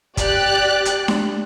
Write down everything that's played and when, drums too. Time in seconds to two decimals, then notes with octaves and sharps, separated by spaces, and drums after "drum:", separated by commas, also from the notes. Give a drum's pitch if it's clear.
0.17 G4 D5 F#6, drum: kick, hi-hat
0.85 drum: hi-hat
1.08 drum: snare D4